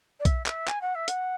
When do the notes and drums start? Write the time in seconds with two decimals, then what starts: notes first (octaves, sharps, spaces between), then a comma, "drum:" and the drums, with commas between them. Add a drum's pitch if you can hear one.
0.20 D5
0.25 E5, drum: kick B1, hi-hat
0.46 E5, drum: clap
0.68 G#5, drum: clap
0.81 F#5
0.95 E5
1.08 F#5, drum: hi-hat